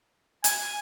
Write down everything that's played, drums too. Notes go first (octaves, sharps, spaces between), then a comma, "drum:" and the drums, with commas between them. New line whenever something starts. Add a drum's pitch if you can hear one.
G#5, drum: hi-hat